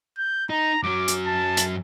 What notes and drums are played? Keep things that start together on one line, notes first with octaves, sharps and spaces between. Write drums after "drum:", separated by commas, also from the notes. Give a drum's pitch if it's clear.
G6
D#4 A#5
F#2 F#3 D6
drum: hi-hat
A5
drum: hi-hat